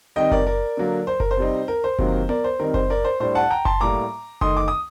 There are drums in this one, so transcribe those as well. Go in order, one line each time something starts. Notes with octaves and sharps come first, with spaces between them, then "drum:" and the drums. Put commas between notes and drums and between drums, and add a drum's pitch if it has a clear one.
D#3 G3 C4 D#4 D#5 G5
A#4 D5, drum: kick F#1
A#4 D5
D3 F#3 A#3
C5
A#4, drum: kick F#1
C5
C3 G3 C4 D#4
A#4
C5
C3 D#3 F#3 A#3, drum: kick F#1
A#4 D5, drum: tom B3
C5
D#3 G3 C4 D#4 A#4
C5, drum: kick F#1
A#4 D5
C5
A2 G3 D4 C5
F#5 A5
G5 A#5
A5 C6, drum: kick F#1
A2 G3 A#3 A#5 D6
D#3 A3 D#4 C6 D#6, drum: kick F#1
D6
D#6